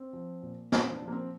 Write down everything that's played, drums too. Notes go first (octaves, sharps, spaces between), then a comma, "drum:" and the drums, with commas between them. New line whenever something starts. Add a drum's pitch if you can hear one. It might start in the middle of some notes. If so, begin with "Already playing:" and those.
Already playing: C4
F3
A#2
A#2 A#3, drum: snare
C4
D4
F3
A#3
C4